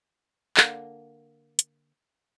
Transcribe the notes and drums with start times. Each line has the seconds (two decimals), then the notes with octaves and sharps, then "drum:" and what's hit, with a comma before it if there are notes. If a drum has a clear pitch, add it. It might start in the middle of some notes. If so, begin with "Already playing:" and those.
0.57 D3 A#3, drum: clap
1.59 drum: hi-hat